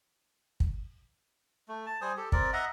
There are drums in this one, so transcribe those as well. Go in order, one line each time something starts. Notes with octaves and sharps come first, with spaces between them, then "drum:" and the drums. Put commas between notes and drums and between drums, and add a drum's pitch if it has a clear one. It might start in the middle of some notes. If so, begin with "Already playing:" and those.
drum: kick
A3
A5
G3 C5 G#5 D#6
G4 A4
C4 A#4 D5, drum: kick
D#5 E5 F#5 A#5